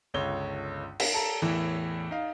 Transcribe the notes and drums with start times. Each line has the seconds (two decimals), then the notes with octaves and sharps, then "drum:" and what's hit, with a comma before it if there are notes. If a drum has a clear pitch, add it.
0.14 G1 C#2 C#5 G7
1.00 drum: cymbal
1.14 A4 A#5
1.42 E2 A2 E3 E4
2.11 D#4 F5